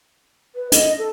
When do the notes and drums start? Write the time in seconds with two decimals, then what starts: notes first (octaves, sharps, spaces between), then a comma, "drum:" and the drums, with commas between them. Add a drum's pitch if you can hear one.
0.55 B4
0.72 D#5, drum: hi-hat
0.99 A4